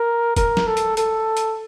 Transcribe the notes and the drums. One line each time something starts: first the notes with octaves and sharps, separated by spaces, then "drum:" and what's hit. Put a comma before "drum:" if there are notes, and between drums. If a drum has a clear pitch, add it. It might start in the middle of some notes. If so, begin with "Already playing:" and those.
Already playing: A#4
A#4, drum: kick, hi-hat
drum: snare
A4
drum: hi-hat
A4, drum: hi-hat
drum: hi-hat